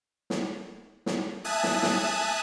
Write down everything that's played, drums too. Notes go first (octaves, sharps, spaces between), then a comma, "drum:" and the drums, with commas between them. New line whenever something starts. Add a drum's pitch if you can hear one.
drum: snare
drum: snare
E5 G#5 A5 D#6 F#6
drum: snare
drum: snare